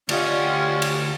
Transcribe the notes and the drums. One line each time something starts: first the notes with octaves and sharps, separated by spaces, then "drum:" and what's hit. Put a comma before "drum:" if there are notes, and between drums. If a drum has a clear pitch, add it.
D2 C#4 D4 F4 G4 D#5 F#5, drum: cymbal
drum: cymbal